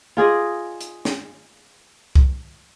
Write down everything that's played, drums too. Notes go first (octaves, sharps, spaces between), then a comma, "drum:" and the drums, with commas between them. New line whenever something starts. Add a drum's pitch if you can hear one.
F4 G#4 D5 D#5
drum: hi-hat
drum: snare
drum: kick C2